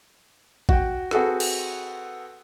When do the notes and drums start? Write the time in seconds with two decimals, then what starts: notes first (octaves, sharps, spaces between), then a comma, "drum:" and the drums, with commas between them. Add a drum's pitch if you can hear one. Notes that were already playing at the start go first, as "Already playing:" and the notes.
0.69 F#4 G5, drum: kick
1.11 C4 F#4 G#4 A4 B4, drum: rim click
1.40 drum: cymbal